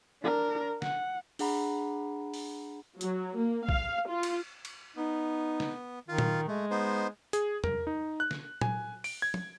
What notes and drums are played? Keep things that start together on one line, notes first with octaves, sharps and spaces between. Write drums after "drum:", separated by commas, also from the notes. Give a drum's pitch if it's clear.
D4 A#4
F#5, drum: snare
D4 G#4 F#5 A#5 B5, drum: open hi-hat
drum: open hi-hat
F#3, drum: hi-hat
A#3
F5, drum: kick
F4
drum: cymbal
drum: cymbal
B3 D#4
drum: snare
D#3 F4
drum: tom A#2
G#3 A3
B3 D#4 C5
G#4, drum: hi-hat
A#4, drum: tom
D#4
F#6
drum: snare
G#5, drum: tom A#2
D7, drum: open hi-hat
G#6
drum: tom